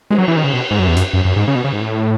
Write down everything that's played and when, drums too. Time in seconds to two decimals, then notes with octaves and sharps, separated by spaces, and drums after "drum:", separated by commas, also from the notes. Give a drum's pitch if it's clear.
0.10 G#3, drum: cymbal
0.18 F#3
0.28 E3
0.36 D#3
0.44 C#3
0.54 B2
0.71 G#2
0.79 F#2
0.88 E2
0.97 F#2, drum: hi-hat
1.13 F#2
1.25 F#2
1.36 G#2
1.48 C#3
1.55 B2
1.64 C#3
1.73 G#2
1.81 A2